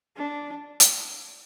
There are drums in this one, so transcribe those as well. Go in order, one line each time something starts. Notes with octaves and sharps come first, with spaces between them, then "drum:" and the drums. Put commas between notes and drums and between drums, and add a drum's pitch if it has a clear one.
D4
drum: hi-hat